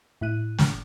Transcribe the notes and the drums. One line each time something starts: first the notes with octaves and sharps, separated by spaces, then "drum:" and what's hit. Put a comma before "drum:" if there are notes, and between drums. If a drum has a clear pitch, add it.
A2 E4 F#6 D#7
drum: snare